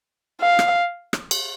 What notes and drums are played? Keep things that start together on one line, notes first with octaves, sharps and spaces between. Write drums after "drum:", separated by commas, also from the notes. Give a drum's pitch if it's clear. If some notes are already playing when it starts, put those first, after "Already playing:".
F5
drum: rim click
drum: rim click
drum: cymbal